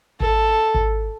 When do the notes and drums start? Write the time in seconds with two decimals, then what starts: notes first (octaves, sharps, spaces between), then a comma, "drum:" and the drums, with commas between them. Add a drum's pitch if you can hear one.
0.20 A4, drum: kick G#1
0.74 drum: kick G#1